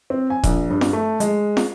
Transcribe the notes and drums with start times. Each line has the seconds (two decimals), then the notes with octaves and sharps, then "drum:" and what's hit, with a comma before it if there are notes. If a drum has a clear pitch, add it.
0.10 C4
0.30 G#5
0.44 A#1, drum: kick E1, hi-hat
0.70 G2
0.81 drum: snare
0.93 A3
1.20 G#3, drum: hi-hat
1.57 drum: snare